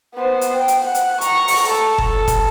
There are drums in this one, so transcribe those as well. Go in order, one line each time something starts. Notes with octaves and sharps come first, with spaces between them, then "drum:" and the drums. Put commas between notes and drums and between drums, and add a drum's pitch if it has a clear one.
B3 C5
drum: hi-hat
G5
drum: hi-hat
F#5
drum: hi-hat
A#5 C#6, drum: hi-hat
drum: open hi-hat
A4
A4, drum: kick F#1
drum: kick F#1, hi-hat